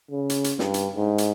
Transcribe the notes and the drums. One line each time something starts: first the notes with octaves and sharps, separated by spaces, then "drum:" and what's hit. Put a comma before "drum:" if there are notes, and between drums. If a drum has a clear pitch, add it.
C#3
drum: hi-hat
drum: hi-hat
G2, drum: snare
drum: hi-hat
G#2
drum: hi-hat